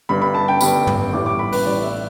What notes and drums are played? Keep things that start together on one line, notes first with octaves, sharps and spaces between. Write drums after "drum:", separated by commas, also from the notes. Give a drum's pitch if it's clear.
G1 G2 G3 B5
B5
A5
G5
G1 G2 G3 B5, drum: tambourine
drum: tom
A1 A2 G3 D6
D6
B5
B4, drum: open hi-hat
A1 A2 G3 D5
E5